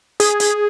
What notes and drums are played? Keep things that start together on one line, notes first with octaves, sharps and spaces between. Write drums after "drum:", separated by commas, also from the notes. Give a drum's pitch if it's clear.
G#4, drum: hi-hat
drum: hi-hat